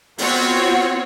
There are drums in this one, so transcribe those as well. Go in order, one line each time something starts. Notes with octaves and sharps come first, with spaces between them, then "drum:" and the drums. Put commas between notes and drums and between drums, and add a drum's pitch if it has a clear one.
B3 C4 F4 F#4 C#5, drum: open hi-hat